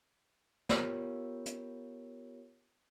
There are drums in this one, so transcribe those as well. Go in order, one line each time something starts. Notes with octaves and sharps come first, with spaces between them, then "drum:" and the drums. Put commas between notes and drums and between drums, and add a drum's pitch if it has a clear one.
B3 F4 G4 A#4 C#5, drum: snare
drum: hi-hat